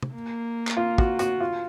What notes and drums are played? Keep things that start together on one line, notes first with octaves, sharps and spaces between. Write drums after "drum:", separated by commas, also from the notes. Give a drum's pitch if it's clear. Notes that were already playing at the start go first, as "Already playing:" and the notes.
drum: tom
A#3
drum: clap
F4
F#4, drum: kick
F#4, drum: hi-hat
F4